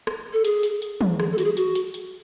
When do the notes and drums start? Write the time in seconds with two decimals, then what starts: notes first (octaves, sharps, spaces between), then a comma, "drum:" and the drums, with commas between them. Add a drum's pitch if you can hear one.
0.07 drum: rim click
0.33 A4
0.45 G#4, drum: hi-hat
0.63 drum: hi-hat
0.82 drum: hi-hat
1.01 drum: tom
1.20 G#4, drum: rim click
1.32 A4
1.38 F#4, drum: hi-hat
1.44 G#4
1.57 F#4, drum: hi-hat
1.75 drum: hi-hat
1.94 drum: hi-hat